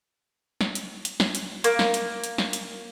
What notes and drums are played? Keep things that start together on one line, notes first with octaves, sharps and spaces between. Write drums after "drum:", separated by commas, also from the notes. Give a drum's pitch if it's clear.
drum: snare
drum: hi-hat
drum: hi-hat
drum: snare
drum: hi-hat
A#3, drum: hi-hat
drum: snare
drum: hi-hat
drum: hi-hat
drum: snare
drum: hi-hat